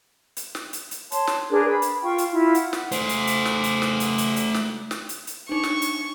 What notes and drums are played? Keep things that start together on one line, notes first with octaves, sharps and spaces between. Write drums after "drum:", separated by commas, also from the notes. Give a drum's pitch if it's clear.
drum: hi-hat
drum: snare
drum: hi-hat
drum: hi-hat
C#5 A5 C6, drum: hi-hat
drum: snare
D4 G#4 A#4 B4
B5
drum: hi-hat
F4 F5 G5 C#6
drum: hi-hat
E4 F4
F#5, drum: hi-hat
drum: snare
A3 C5, drum: hi-hat
drum: hi-hat
drum: hi-hat
drum: snare
drum: hi-hat
drum: snare
drum: hi-hat
drum: hi-hat
drum: hi-hat
drum: snare
drum: snare
drum: hi-hat
drum: hi-hat
D4 D#4 C#6
drum: snare
drum: hi-hat